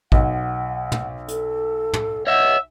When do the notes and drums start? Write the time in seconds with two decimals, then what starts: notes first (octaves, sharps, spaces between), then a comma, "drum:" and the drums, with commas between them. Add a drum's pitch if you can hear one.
0.12 B1 F#5, drum: kick A1
0.92 drum: tom
1.28 A4, drum: hi-hat
1.93 drum: tom
2.27 C#5 D#5 E5 F#5